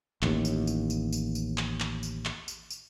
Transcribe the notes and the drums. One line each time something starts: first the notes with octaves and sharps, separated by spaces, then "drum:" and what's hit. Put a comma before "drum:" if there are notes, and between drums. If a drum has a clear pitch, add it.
A1 D#2, drum: clap
drum: tambourine
drum: tambourine
drum: tambourine
drum: tambourine
drum: tambourine
drum: clap
drum: clap
drum: tambourine
drum: clap
drum: tambourine
drum: tambourine